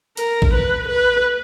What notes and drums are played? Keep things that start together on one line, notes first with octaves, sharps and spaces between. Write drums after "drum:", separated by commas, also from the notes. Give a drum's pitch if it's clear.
A#4, drum: hi-hat
drum: kick A1
B4
B4